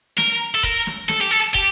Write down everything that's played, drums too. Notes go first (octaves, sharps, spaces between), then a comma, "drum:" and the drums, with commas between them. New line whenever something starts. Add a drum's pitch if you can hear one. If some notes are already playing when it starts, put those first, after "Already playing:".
A#4, drum: snare
A4
A#4, drum: kick
drum: snare
A4, drum: snare
G4
A4
G4, drum: kick